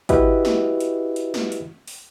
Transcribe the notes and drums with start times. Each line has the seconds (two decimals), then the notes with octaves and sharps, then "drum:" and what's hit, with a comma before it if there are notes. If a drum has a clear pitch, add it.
0.09 E4 F#4 G4 B4 D#5 E5, drum: kick, hi-hat
0.45 drum: snare
0.80 drum: hi-hat
1.16 drum: hi-hat
1.34 drum: snare
1.52 drum: hi-hat
1.88 drum: open hi-hat